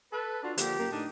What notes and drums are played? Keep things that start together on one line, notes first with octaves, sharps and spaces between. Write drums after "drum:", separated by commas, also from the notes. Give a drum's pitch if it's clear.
A4 B4
D4 F4 F#4 D5
D3 F3 A#3 G4, drum: hi-hat
F#2 A#3
A2 D4 D#4